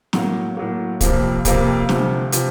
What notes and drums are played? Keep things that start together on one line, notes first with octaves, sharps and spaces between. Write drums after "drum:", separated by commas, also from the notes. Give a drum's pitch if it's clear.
A2 F#3 A#3, drum: snare
A2 F#3 A#3
F2 C3 F3 A#3, drum: kick, hi-hat
F2 C3 F3 A#3, drum: kick, hi-hat
D2 C3 F3, drum: snare
C3 F3, drum: hi-hat